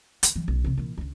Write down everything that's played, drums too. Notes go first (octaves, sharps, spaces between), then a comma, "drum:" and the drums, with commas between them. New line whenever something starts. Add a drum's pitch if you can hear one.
D#3, drum: hi-hat
E3 F#3
B1 C#3
C3 E3
A#2 E3
C#2 D3